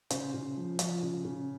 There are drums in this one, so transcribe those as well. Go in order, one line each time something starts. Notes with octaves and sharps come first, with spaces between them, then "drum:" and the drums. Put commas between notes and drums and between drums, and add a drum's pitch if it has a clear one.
C#3 C5, drum: hi-hat
C#3
F3
F3, drum: hi-hat
C#3
C#3